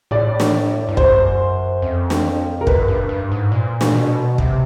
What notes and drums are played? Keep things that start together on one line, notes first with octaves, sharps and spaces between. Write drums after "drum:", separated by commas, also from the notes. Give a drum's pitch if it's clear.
A2 D5
drum: snare
G2
F#2 C5, drum: kick
F2
drum: snare
A#4
F#2 B4, drum: kick
G2
G2
G#2
A#2
drum: snare
B2
C3, drum: kick